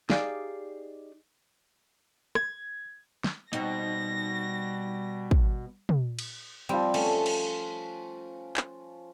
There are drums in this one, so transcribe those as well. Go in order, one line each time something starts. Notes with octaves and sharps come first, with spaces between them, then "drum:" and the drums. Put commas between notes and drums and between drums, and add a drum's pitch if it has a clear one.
D#4 G4 G#4 D5 F5, drum: snare
G#6, drum: rim click
drum: snare
B2 G3 C4 D#4 A#6, drum: hi-hat
drum: kick
drum: tom
drum: cymbal
F3 G3 C4
A3 C#4, drum: cymbal
drum: cymbal
drum: clap